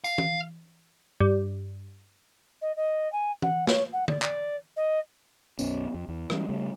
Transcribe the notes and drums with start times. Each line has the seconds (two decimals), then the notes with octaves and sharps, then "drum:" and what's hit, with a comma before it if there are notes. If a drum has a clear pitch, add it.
0.04 F5, drum: tambourine
0.18 drum: tom
1.20 G2
2.62 D#5
2.76 D#5
3.12 G#5
3.42 F#5, drum: tom
3.67 C#5, drum: snare
3.93 F#5
4.08 D5, drum: tom
4.22 D5, drum: clap
4.76 D#5
5.59 B1 F#2 B3 C#4, drum: tambourine
5.94 F2
6.08 E2
6.30 E3 G3 G#3 C#4, drum: rim click
6.49 C#3 G3 A3